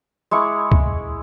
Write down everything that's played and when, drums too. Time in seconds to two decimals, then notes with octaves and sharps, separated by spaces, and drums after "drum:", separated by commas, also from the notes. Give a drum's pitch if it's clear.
0.31 G#3 E4 C#6 D6
0.72 drum: kick C#2